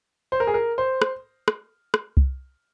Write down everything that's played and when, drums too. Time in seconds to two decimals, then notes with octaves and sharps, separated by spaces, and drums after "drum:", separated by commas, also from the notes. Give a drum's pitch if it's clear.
0.32 C5
0.40 A#4
0.47 G#4
0.54 A#4
0.78 C5
1.02 drum: rim click
1.48 drum: rim click
1.94 drum: rim click
2.17 drum: kick C2